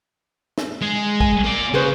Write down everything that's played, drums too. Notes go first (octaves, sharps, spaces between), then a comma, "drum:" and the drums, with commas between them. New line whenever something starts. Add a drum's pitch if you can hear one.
drum: snare
G#3 G#4
G#5, drum: kick
A#3 D5
C#3 G#4 B4 C5